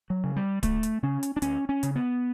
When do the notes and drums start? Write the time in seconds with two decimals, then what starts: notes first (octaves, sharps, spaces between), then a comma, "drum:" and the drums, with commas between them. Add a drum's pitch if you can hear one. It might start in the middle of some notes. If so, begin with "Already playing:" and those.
0.10 F#3
0.24 C#3
0.36 G3
0.63 D2 A3, drum: kick D1, hi-hat
0.83 drum: hi-hat
1.03 C#3 C#4
1.23 drum: hi-hat
1.36 D4
1.42 D2 C#4, drum: hi-hat
1.69 C#4
1.83 C#3, drum: hi-hat
1.95 B3